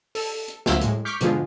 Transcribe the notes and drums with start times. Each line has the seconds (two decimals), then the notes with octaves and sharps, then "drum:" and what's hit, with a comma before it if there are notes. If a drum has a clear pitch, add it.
0.15 A4, drum: open hi-hat
0.48 drum: hi-hat
0.66 D2 F#3 A#3 C4 E5, drum: snare
0.81 A2 G#3, drum: hi-hat
1.05 C#6 D6 F6 G6 B6
1.21 G#2 B2 D3 F3 G#3 F4, drum: hi-hat